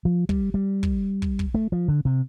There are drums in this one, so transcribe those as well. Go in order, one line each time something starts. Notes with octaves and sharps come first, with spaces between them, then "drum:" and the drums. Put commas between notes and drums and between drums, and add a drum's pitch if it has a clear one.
F3
G3, drum: kick
G3
drum: kick
drum: kick
drum: kick
A3
F3
D3
C3